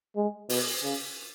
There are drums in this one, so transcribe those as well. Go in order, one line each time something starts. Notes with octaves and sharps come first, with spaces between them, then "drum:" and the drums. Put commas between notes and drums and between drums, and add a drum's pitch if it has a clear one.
G#3
B2, drum: open hi-hat
C#3